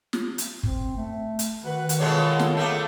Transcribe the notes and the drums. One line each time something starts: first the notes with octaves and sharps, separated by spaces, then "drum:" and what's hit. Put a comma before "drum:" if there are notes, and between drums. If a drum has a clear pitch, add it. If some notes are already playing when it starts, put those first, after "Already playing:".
drum: snare
drum: hi-hat
C4, drum: kick
A3
drum: hi-hat
D#3 F#4 B4
drum: hi-hat
B2 G#3 F4 A4 C#5
drum: snare
A3 A#3